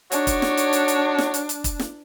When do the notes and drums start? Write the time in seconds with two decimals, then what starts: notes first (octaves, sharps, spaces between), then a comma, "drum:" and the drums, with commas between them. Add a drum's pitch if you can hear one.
0.12 D4 D#4 F#4 C#5, drum: hi-hat
0.27 drum: kick, hi-hat
0.42 drum: snare
0.57 drum: hi-hat
0.73 drum: hi-hat
0.88 drum: hi-hat
1.18 drum: snare
1.34 drum: hi-hat
1.49 drum: hi-hat
1.64 drum: kick, hi-hat
1.80 drum: snare